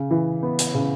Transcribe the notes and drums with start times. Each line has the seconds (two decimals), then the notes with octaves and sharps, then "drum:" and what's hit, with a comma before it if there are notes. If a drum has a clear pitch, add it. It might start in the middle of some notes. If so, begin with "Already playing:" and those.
Already playing: C#3
0.10 E3
0.43 B3
0.59 drum: hi-hat
0.74 C#3